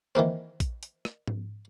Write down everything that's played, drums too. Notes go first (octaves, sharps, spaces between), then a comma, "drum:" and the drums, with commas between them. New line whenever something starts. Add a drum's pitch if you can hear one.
D#3 E3 A#3 C4
drum: kick A#1, hi-hat
drum: hi-hat
drum: rim click
drum: tom G#2